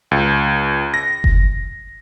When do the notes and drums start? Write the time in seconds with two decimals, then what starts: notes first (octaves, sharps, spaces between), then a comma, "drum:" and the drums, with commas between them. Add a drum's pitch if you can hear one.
0.11 C#2
0.94 A#6
1.24 drum: kick F#1